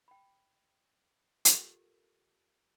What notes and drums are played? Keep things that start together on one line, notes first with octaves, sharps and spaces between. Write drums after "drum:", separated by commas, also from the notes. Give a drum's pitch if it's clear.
G5 B5
F4 G4 A4 A#4, drum: hi-hat